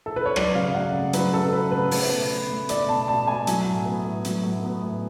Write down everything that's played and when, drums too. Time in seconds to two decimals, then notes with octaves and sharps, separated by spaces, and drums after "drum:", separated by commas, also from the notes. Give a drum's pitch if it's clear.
0.06 A4
0.16 B4
0.26 C#5
0.36 F#3 D5, drum: rim click
0.55 C#3 F5
0.75 A3 F#5
0.94 C#3
1.13 F#3 B4, drum: hi-hat
1.33 C#3 A4
1.52 A3 B4
1.71 C#3 B4
1.91 A3, drum: open hi-hat
2.11 B2
2.30 B2
2.50 A3
2.69 A3 D5, drum: hi-hat
2.89 B2 A5
3.08 B2 A5
3.27 A3 G#5
3.47 F#3, drum: hi-hat
3.66 A2
3.85 B3
4.04 A2
4.25 F#3, drum: hi-hat
4.44 A2
4.63 B3
4.83 A2